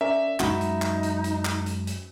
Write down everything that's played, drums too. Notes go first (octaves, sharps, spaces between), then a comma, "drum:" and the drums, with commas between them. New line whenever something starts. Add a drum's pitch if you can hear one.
C#4 A#4 D5 E5
F#2 G#3 C#4 D#4 F#4 B5, drum: clap
drum: hi-hat
drum: clap
drum: hi-hat
drum: hi-hat
drum: clap
drum: hi-hat
drum: hi-hat